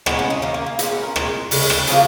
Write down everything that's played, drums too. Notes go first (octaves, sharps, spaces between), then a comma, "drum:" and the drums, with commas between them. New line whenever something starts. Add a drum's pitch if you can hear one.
A#2 G#3 B3, drum: rim click
C#4
D#4
D#3 F#3 A#3 C#4
A#3
A#3
A#2 G#3 B3, drum: hi-hat
C#4
A#4
A#2 G#3, drum: rim click
C#3 G#3, drum: open hi-hat
drum: rim click
C#3 F3 A#3 G#4, drum: hi-hat